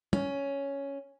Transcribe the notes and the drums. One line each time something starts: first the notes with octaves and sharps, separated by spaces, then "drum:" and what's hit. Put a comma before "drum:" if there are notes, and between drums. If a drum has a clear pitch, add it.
C#4, drum: tom